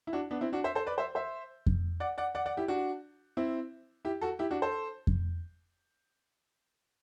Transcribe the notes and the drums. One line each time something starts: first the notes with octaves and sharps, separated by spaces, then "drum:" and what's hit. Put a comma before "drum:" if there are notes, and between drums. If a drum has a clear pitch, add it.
E4
D4 F#4
B3 D4
C4 E4
D4 F#4
C5 E5
A4 C5
B4 D5
C5 E5
C5 E5
drum: kick F2
D5 F#5
D5 F#5
D5 F#5
D5 F#5
E4 G4
D4 F#4
C4 E4
E4 G4
F#4 A4
E4 G4
D4 F#4
A4 C5
drum: kick F2